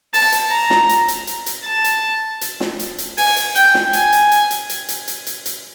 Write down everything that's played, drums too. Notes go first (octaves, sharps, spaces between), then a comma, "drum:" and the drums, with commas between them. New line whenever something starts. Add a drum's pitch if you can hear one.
A5, drum: open hi-hat
drum: hi-hat
A#5
drum: snare
drum: hi-hat
drum: hi-hat
drum: hi-hat
drum: hi-hat
A5
drum: hi-hat
drum: hi-hat
drum: snare
drum: hi-hat
drum: hi-hat
G#5, drum: open hi-hat
drum: hi-hat
G5, drum: hi-hat
drum: snare
G#5, drum: hi-hat
drum: hi-hat
drum: hi-hat
drum: hi-hat
drum: hi-hat
drum: hi-hat
drum: hi-hat
drum: hi-hat
drum: hi-hat